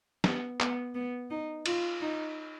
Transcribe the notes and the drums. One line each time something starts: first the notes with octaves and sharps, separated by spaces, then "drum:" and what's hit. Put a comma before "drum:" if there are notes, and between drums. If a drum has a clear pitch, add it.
B3, drum: snare
B3, drum: clap
B3
D#4
F4, drum: cymbal
D#4